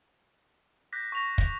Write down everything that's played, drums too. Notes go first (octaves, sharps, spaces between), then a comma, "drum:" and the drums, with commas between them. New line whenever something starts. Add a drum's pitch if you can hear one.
D6 F#6 G6 A#6 B6
C#6 A#6 F7
drum: kick